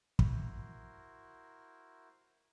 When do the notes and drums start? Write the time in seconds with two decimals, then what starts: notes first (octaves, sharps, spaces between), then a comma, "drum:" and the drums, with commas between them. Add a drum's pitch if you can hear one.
0.19 E4 F#4 A#4 C5, drum: kick